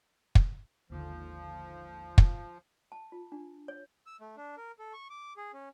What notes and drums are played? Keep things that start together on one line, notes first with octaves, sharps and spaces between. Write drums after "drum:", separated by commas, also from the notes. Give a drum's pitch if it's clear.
drum: kick
G#1 D#2 D3 F3
drum: kick
A5
F4
D4
C#5
E6
A3
D4
A#4
A4
C#6
D6
G#4
C#4